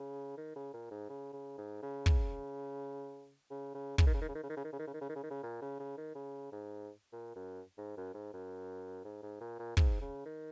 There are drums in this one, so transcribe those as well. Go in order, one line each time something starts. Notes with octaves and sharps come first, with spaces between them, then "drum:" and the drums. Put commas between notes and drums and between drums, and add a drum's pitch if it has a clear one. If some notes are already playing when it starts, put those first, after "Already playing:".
Already playing: C#3
D#3
C#3
A#2
G#2
C#3
C#3
G#2
C#3
drum: kick
C#3
C#3
C#3, drum: kick
D#3
C#3
D#3
C#3
D#3
C#3
D#3
C#3
D#3
C#3
D#3
C#3
D#3
C#3
D#3
C#3
D#3
C#3
A#2
C#3
C#3
D#3
C#3
G#2
A#2
F#2
G#2
F#2
G#2
F#2
G#2
G#2
A#2
A#2
G#2, drum: kick
C#3
D#3